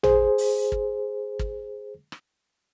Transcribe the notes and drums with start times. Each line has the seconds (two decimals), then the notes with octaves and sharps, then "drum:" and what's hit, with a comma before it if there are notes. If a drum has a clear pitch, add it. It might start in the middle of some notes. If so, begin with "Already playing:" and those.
0.03 G#4 C5, drum: tom A1
0.38 drum: open hi-hat
0.72 drum: kick
1.39 drum: kick
2.12 drum: rim click